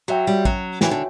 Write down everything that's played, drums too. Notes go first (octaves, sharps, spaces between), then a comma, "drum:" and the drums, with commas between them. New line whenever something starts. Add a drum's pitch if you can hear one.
F#3 F#4 C#5 E5 G5
G3
F#3 C#4, drum: kick
E3 F#4 C#5 E5 G5, drum: snare
D3